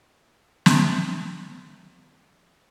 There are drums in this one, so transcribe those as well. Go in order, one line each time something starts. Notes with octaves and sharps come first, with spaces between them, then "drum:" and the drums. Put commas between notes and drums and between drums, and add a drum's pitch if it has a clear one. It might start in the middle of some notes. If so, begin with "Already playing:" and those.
drum: snare
B4 E5